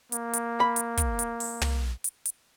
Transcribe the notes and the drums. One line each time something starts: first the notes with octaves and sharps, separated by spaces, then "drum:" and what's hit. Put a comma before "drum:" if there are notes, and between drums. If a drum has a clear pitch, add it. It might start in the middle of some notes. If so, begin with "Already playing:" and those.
A#3, drum: hi-hat
drum: hi-hat
B5
drum: hi-hat
drum: kick, hi-hat
drum: hi-hat
drum: open hi-hat
drum: tom
drum: hi-hat
drum: hi-hat